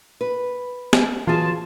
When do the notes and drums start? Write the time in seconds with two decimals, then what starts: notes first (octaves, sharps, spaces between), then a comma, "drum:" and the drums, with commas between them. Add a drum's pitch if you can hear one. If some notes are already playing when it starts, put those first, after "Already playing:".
0.21 B4
0.93 drum: snare
1.27 E3 F#3 F4 G#4 A5 C6